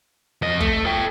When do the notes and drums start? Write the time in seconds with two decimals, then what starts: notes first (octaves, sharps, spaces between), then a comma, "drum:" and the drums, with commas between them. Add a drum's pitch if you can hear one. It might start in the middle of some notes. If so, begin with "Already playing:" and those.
0.42 F2 D#5
0.60 A3, drum: kick
0.86 A4 G5